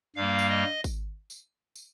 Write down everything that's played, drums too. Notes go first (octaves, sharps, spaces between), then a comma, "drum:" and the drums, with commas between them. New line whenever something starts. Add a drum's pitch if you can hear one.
G2 G3 A#3 F5
drum: tambourine
D#5
drum: kick G#1, tambourine
drum: tambourine
drum: tambourine